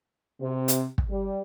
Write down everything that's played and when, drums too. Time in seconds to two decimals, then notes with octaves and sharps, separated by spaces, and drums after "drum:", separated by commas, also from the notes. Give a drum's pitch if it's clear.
0.40 C3
0.68 drum: hi-hat
0.98 drum: kick
1.09 G3